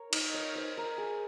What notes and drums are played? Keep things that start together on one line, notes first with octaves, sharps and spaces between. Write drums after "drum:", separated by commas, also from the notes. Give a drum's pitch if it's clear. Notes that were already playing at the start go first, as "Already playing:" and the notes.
Already playing: A#4 C#5
D#4 D#5, drum: cymbal
C#5
C5
A#4
G#4